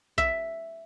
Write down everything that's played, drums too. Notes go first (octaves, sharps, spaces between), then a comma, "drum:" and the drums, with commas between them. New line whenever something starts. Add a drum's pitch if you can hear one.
E5, drum: kick